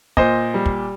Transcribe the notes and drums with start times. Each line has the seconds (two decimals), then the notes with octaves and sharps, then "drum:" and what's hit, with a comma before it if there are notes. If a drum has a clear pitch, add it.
0.17 A#2 C5 D#5, drum: kick
0.54 G3
0.66 drum: kick